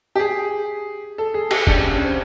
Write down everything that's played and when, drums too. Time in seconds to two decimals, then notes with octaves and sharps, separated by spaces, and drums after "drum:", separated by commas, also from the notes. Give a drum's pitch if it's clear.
0.15 G4
0.19 G#4
1.18 A4
1.34 G#4
1.51 G4, drum: cymbal
1.67 D4, drum: kick F1
1.73 C#4
1.79 D4
1.91 C#4
2.04 C4